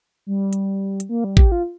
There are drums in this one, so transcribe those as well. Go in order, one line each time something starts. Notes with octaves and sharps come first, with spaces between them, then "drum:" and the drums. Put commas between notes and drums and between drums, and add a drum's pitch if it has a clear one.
G3
drum: hi-hat
drum: hi-hat
A#3
G3
G4, drum: kick
F4